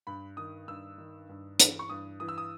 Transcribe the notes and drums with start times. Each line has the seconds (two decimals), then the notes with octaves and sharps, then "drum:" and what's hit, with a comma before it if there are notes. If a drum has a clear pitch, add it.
0.07 G2 B5
0.37 D#3 D#6
0.68 G2 E6
0.98 D#3
1.29 G2
1.60 E3, drum: hi-hat
1.79 C#6
1.90 G2 D#6
2.20 E3 D#6
2.28 E6
2.38 D#6